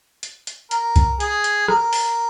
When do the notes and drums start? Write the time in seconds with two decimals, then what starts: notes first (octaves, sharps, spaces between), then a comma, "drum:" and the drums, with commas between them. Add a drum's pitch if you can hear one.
0.23 drum: hi-hat
0.47 drum: hi-hat
0.71 A#4, drum: hi-hat
0.96 drum: kick C2, hi-hat
1.20 G#4, drum: hi-hat
1.44 drum: hi-hat
1.68 A#4, drum: rim click
1.93 drum: open hi-hat